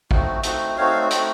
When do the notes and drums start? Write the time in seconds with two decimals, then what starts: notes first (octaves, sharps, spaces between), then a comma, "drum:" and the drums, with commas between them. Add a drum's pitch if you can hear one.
0.11 A3 C4 D#4 F#4, drum: kick A1
0.43 A3 C4 D#4 F#4, drum: hi-hat
0.77 A3 C4 D#4 F#4 C#5 F5
1.10 A3 C4 D#4 F#4, drum: hi-hat